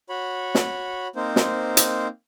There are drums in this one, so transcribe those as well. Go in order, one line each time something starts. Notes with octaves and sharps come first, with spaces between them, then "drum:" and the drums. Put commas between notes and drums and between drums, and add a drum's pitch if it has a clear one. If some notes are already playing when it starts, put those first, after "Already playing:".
F#4 C#5 B5
drum: snare
A#3 C4 D#4 C5
drum: snare
drum: hi-hat